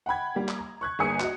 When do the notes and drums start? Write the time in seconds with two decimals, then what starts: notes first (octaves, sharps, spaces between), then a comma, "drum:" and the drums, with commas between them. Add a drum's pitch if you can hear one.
0.06 F#5 G5 B5 G#6
0.35 G3 A#3
0.49 drum: clap
0.58 A#5
0.81 C#6 F#6 G#6
0.99 G1 A#3 G#4 G#5 D#6 C#7
1.20 F#4 D#5, drum: clap